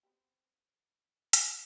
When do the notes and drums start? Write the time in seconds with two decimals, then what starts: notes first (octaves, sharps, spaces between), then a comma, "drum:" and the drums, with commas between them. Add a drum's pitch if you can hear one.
0.03 B3 C4 G4
1.33 drum: hi-hat